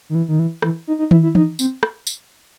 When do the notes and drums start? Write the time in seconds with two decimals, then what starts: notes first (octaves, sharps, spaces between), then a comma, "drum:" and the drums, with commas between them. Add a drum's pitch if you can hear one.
0.10 D#3
0.15 E3
0.28 D#3
0.39 E3
0.62 E3, drum: rim click
0.88 D#4
0.99 D#4
1.11 E4, drum: tom D#3
1.23 E4
1.35 D#4, drum: tom E3
1.59 C4, drum: tambourine
1.83 drum: rim click
2.07 drum: tambourine